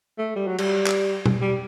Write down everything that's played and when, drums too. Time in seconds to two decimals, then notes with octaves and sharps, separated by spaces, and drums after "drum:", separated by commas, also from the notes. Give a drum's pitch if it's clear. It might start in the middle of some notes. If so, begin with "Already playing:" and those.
0.18 A3
0.36 G3
0.47 F#3
0.58 G3, drum: cymbal
0.87 drum: clap
1.26 drum: tom B2
1.41 G3